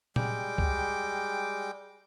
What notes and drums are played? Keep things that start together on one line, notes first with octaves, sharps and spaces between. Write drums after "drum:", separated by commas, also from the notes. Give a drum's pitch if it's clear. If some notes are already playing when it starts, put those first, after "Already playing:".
G3 G#3 G5 D6, drum: tom A#2
drum: kick C#2